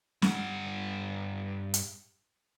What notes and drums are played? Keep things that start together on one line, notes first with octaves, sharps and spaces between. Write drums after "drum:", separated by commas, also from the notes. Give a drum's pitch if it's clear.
G2 F#5, drum: snare
drum: hi-hat